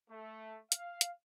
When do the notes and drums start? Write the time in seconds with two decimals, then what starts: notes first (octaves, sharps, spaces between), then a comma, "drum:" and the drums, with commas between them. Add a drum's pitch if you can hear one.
0.10 A3
0.72 F5, drum: hi-hat
1.01 drum: hi-hat